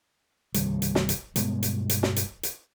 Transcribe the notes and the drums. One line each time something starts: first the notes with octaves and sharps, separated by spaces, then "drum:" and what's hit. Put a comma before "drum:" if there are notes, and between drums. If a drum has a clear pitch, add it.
C2 G2 D#3 G3, drum: hi-hat
drum: hi-hat
drum: snare
drum: hi-hat
G2 B2 G#3 B3, drum: hi-hat
drum: hi-hat
drum: hi-hat
drum: snare
drum: hi-hat
drum: hi-hat